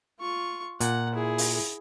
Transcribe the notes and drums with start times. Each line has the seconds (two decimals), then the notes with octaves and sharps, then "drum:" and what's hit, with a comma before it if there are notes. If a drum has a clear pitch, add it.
0.20 F4 C#6
0.80 A#2 F#5, drum: hi-hat
1.13 E4 G#4
1.38 drum: open hi-hat